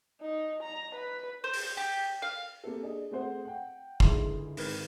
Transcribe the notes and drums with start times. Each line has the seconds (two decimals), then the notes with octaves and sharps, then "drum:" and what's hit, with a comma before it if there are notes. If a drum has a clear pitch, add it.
0.22 D#4
0.63 A#5
0.95 B4
1.44 C5
1.54 drum: open hi-hat
1.77 G4
2.22 F5
2.64 A#3 C4 G4 A4
2.83 D4 G#4 D#5
3.11 A3 C4 G#4 C5 F#5
3.45 F#5 G5
4.00 C#2 D3 D#4 E4 G#4 C6, drum: kick
4.57 G#1 A#4 B4 F6 G#6, drum: open hi-hat